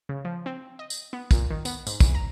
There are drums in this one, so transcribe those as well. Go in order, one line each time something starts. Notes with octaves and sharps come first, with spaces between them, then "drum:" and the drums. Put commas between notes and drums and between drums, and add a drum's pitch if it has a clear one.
C#3
F3
C4
D#5
drum: tambourine
B3
A#2, drum: kick, tambourine
D#3
B3, drum: tambourine
G#2, drum: tambourine
E2, drum: kick, tambourine
A#5